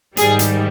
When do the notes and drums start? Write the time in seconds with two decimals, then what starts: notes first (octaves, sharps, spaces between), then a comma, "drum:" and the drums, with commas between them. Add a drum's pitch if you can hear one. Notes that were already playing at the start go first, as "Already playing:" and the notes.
0.17 G#2 D#3 G3 G#4, drum: hi-hat
0.39 drum: hi-hat